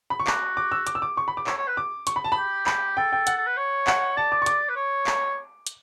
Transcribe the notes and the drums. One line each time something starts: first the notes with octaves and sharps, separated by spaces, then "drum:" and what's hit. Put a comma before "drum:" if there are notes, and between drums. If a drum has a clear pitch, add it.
B5
C#6
F#4 D6, drum: clap
D6
E6
D6, drum: hi-hat
E6
D6
C#6
B5
D6
C#5 E6, drum: clap
C#5
B4
D6
C#6, drum: hi-hat
B5
A5
B5
G4
B5, drum: clap
A4 G5
G5
F#5, drum: hi-hat
A4
B4
C#5
F#5, drum: clap
D5 A5
D6
C#6
D6, drum: hi-hat
B4
C#5
drum: clap
drum: hi-hat